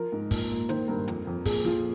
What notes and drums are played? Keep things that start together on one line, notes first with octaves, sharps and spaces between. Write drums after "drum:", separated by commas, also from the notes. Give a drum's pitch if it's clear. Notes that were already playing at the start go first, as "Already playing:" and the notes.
Already playing: F3 A#4
G#2
A#2, drum: kick, open hi-hat
A#2
D#3 C5, drum: hi-hat
G2 A#4
F2, drum: hi-hat
F2
A#2 G#4, drum: kick, open hi-hat
F3 F4